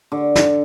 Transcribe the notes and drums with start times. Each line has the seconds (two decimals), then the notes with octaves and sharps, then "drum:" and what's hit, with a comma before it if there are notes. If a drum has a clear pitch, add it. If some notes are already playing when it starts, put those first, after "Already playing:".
0.12 D3
0.35 drum: snare